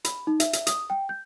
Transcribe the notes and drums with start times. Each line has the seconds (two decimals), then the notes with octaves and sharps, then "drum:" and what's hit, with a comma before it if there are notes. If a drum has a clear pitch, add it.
0.05 B5, drum: hi-hat
0.27 D#4
0.40 E5, drum: hi-hat
0.53 drum: hi-hat
0.67 D#6, drum: hi-hat
0.90 G5
1.09 G6